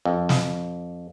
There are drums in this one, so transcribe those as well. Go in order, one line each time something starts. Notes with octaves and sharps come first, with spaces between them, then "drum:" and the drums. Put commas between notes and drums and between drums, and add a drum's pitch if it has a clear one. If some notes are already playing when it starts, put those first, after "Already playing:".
F2
drum: snare